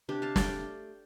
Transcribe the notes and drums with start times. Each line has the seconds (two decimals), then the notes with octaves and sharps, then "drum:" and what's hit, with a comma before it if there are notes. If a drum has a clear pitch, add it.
0.09 C3 D4 G4
0.22 F5 A5
0.36 A3 D5 G5, drum: snare